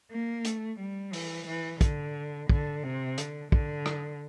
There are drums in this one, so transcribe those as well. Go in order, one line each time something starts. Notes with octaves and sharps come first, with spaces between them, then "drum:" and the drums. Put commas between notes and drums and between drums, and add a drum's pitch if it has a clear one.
A#3
A3, drum: hi-hat
G3
E3, drum: open hi-hat
E3
D3, drum: kick, hi-hat
D3, drum: kick
C3
D3, drum: hi-hat
D3, drum: kick
drum: rim click